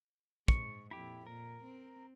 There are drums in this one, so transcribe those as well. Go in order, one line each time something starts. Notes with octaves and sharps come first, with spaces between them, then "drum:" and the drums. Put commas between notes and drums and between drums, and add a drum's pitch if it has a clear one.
G#2 C#6, drum: kick
F2 A#2 E4 G4
A#2 A#4
C4